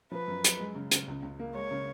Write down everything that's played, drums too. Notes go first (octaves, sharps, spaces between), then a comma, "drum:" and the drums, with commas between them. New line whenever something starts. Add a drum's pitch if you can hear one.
F3 B4
F#2
F#2, drum: hi-hat
G#3
C#3
C#3, drum: hi-hat
C#2
C#2
A#3
G#3 C#5
C#3